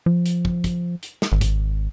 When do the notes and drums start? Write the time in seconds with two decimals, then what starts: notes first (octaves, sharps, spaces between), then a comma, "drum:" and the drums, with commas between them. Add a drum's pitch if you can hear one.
0.06 F3
0.26 drum: hi-hat
0.45 drum: kick
0.64 drum: kick, hi-hat
1.03 drum: hi-hat
1.22 drum: snare
1.32 G#1
1.41 drum: kick, hi-hat